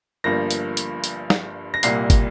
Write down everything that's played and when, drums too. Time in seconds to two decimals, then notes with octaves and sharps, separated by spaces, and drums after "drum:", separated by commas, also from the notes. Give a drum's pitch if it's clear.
0.24 G1 G2 F3 A#3 A#6
0.51 drum: hi-hat
0.77 drum: hi-hat
1.04 drum: hi-hat
1.30 drum: snare
1.74 A#6
1.83 C2 A#2 G3 A#3 C7, drum: hi-hat
2.10 drum: kick, hi-hat